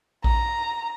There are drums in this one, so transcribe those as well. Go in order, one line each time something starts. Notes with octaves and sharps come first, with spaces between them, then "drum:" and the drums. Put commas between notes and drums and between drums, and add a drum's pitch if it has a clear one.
A#5, drum: kick A#1